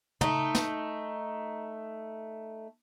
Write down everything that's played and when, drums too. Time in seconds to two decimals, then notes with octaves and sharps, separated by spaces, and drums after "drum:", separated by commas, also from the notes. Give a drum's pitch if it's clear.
0.21 A3 D#4, drum: tom
0.55 drum: snare